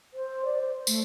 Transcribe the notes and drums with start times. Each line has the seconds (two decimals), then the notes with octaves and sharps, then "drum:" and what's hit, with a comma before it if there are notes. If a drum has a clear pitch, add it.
0.14 C5
0.45 D5
0.62 C5
0.87 A3, drum: tambourine